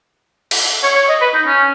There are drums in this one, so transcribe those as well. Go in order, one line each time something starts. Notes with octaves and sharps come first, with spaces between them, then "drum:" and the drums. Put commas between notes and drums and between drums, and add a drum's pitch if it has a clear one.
drum: cymbal
C#5
C#5
D#5
B4
D#4
C#4